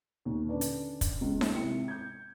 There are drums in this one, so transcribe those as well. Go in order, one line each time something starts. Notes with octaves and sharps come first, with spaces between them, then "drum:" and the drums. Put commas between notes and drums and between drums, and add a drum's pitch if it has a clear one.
D#2 A#2
D3 C#4 D4 B4 D5
drum: hi-hat
drum: kick, hi-hat
C#2
drum: snare D#4
G#1 C3 E4 G5 C#7
G6 G#6